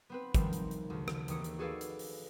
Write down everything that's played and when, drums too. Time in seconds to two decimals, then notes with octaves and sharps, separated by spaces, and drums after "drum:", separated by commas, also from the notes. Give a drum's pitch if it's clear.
0.10 B3 C4 B4
0.34 D#3 F3 G3 C4, drum: kick, hi-hat
0.53 drum: hi-hat
0.71 drum: hi-hat
0.90 D2 C#3
1.08 drum: rim click
1.28 D#2 E3 D#6 C#7, drum: hi-hat
1.44 drum: hi-hat
1.59 F#4 G#4 A4 B4 D5 F5
1.81 drum: hi-hat
1.99 drum: open hi-hat